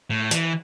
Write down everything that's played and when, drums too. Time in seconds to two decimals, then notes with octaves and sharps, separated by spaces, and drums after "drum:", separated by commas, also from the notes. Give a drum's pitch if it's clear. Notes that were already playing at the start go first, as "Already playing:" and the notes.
0.10 A2
0.31 E3, drum: hi-hat